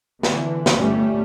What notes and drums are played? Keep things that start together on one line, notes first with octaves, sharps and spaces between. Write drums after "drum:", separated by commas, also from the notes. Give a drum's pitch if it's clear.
D3 E3, drum: snare
drum: snare
G1 G3 A3 C#4